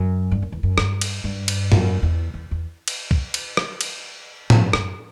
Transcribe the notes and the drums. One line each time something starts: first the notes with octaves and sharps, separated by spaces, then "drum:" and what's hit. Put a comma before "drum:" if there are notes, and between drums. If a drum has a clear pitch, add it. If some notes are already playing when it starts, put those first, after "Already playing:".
Already playing: F#2
G2
F#2
E2
F#2
G2, drum: rim click
drum: cymbal
G2
drum: cymbal
F#2, drum: tom G#2
E2
E2
E2
drum: cymbal
drum: kick C2
drum: cymbal
drum: rim click
drum: cymbal
G2, drum: tom A2
F#2, drum: rim click